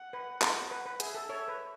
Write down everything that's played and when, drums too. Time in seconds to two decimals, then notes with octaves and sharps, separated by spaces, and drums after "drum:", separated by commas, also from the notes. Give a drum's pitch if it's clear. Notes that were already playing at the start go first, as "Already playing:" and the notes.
Already playing: F#5
0.13 B4
0.41 drum: clap
0.71 B4 F#5
0.86 B4
1.00 G#4 E5, drum: hi-hat
1.15 A4
1.29 A4 C#5 E5
1.48 B4